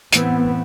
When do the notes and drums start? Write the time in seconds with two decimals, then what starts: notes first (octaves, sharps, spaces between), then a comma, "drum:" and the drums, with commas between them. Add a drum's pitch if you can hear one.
0.13 A2 E3 A3 B3 C4, drum: hi-hat